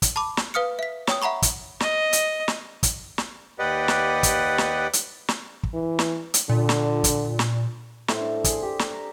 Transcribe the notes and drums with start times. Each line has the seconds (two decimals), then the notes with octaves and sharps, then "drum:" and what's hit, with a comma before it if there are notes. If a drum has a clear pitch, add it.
0.02 drum: kick, hi-hat
0.16 A5 B5 D6
0.37 drum: snare
0.54 B4 F5 D#6 F6 C#7
0.79 E5 B6
1.07 C#5 G5 D#6, drum: snare
1.22 E5 F#5 A#5 B5 C#6
1.42 drum: kick, hi-hat
1.80 D#5, drum: snare
2.13 drum: hi-hat
2.48 drum: snare
2.83 drum: kick, hi-hat
3.18 drum: snare
3.59 D#2 G4 B4 D5 D#5 F#5
3.88 drum: snare
4.23 drum: kick, hi-hat
4.58 drum: snare
4.93 drum: hi-hat
5.28 drum: snare
5.64 drum: kick
5.74 E3
5.99 drum: snare
6.34 drum: hi-hat
6.49 A#2 D3
6.69 drum: snare
7.04 drum: kick, hi-hat
7.39 drum: snare
8.08 A2 C5, drum: snare
8.21 D4 A5
8.44 G#4, drum: kick, hi-hat
8.63 G4
8.79 drum: snare
8.91 A#5